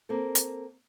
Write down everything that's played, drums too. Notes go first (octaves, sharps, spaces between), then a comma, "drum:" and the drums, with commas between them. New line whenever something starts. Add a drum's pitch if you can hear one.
A#3 C4 A4
drum: hi-hat